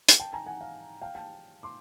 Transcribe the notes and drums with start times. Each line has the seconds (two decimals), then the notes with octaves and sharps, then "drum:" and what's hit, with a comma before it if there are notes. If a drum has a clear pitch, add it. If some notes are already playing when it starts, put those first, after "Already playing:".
0.08 drum: hi-hat
0.19 G5 A5
0.33 G#5 A#5
0.46 F#5 G#5
0.61 F5
1.02 F5 G5
1.15 G5 A5
1.63 C6 D6